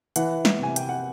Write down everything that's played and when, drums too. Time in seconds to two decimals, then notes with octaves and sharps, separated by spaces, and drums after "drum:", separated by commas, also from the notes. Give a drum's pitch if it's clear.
0.16 E3 F#5, drum: hi-hat
0.45 drum: snare
0.59 C3 G#5
0.76 G5, drum: hi-hat
0.89 F#5